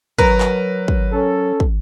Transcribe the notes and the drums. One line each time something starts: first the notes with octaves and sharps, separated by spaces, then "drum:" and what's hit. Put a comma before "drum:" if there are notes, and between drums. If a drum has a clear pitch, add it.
F#3 A#4 B4, drum: kick
drum: clap
drum: kick
C#4 A4
drum: kick